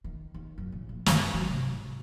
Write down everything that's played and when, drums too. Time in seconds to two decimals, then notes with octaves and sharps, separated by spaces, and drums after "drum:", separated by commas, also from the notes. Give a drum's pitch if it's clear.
0.04 D#3
0.34 D#2
0.58 F#2
0.72 A#1
0.89 F3
1.06 G2, drum: snare
1.34 F#3
1.46 C3
1.69 G#2